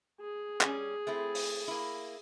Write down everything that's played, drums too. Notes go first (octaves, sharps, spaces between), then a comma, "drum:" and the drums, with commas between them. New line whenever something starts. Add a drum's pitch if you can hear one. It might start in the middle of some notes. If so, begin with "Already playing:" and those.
G#4
G3 C#4, drum: clap
A3 C4 E4
drum: open hi-hat
A#3 E4